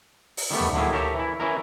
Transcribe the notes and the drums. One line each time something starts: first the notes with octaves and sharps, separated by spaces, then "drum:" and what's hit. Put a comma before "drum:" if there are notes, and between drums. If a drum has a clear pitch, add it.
drum: open hi-hat
D#3 G3 A3 B3
drum: tom D2
D3 D#3 F#3 A#3 E4 G#4
G4 A4 A#4 C#5 E5
E3 E4
E3 C#4 E4 A#4